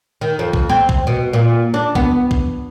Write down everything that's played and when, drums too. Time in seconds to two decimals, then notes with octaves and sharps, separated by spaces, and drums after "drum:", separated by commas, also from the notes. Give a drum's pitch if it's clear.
0.21 D#3
0.39 F2
0.53 drum: kick
0.69 C4
0.89 drum: kick
1.07 B2
1.33 A#2
1.74 D4
1.95 B3, drum: kick
2.31 drum: kick